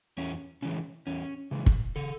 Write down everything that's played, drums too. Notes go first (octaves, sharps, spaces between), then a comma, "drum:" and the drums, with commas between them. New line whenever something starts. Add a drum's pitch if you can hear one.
E2 C#4
C#3 E3 G#3 C#4
E2 C#4
C#3 E3 G#3
drum: kick
C#3 A4